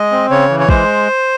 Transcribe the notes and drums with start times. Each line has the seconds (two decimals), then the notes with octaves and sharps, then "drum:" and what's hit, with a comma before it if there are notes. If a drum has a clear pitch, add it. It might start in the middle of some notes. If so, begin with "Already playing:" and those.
Already playing: G#3 D#5
0.12 C4
0.30 C#3 C#5
0.50 E3
0.60 C#5
0.69 G#3 C5, drum: kick